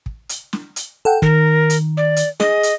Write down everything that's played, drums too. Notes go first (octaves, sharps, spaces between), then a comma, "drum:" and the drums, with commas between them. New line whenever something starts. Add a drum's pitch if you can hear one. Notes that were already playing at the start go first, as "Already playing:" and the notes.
drum: kick
drum: hi-hat
drum: snare
drum: hi-hat
A4 F#5 G5
D#3 A#4, drum: kick
drum: hi-hat
D5
drum: hi-hat
G#4 D#5, drum: snare
drum: hi-hat